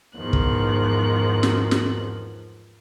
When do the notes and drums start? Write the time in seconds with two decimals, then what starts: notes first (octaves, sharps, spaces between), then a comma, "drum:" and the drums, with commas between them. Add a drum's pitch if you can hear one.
0.19 E2 G#2 D#3 F3 F#6
0.33 drum: kick
1.43 drum: snare
1.71 drum: snare